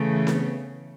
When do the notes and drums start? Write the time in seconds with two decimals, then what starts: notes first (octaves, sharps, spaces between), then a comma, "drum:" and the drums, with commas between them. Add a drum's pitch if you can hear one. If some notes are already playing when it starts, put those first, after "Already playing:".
Already playing: C#3 E3 A3
0.27 B3, drum: snare C4